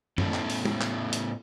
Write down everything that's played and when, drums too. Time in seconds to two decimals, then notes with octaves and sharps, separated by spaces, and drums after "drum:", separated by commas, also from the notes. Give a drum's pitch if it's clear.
0.18 A2 B3 C#4 E4 A4, drum: tom
0.34 drum: clap
0.50 drum: open hi-hat
0.65 drum: tom
0.81 drum: clap
1.13 drum: hi-hat